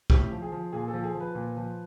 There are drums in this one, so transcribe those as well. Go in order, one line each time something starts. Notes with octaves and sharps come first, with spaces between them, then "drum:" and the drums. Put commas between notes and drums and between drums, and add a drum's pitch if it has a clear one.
A2 G4, drum: kick A#1
F3
G#4
F3
A#2 G#4
A4
F3
G#4
F3
B4
A#2
F3